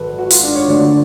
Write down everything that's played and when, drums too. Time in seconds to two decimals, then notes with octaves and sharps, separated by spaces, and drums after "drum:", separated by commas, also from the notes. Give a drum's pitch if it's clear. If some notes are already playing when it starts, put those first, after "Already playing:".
Already playing: G#1 G#2 F#3 A4 B4
0.18 F#4
0.31 F4, drum: open hi-hat
0.44 D4
0.55 C#5
0.68 D2 D3 F#3 D5